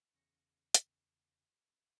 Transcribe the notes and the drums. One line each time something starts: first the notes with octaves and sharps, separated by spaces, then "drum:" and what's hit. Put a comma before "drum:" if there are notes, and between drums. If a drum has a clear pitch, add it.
E2 C#3 A#6 C#7
drum: hi-hat